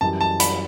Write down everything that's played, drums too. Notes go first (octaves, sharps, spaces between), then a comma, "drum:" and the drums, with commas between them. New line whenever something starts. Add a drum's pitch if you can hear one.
F#2 E3 G3 A5
A5
B5, drum: hi-hat